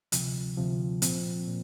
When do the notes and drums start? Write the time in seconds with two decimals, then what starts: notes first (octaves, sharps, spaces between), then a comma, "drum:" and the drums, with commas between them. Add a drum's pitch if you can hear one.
0.12 D2 C3 F3, drum: hi-hat
0.58 D2 C3 F3
1.02 A#2 F3 C4, drum: hi-hat
1.47 A#2